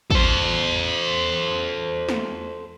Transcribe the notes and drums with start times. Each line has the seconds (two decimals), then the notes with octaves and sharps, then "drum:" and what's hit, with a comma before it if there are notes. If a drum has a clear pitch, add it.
0.10 A4 C5, drum: kick
2.09 drum: snare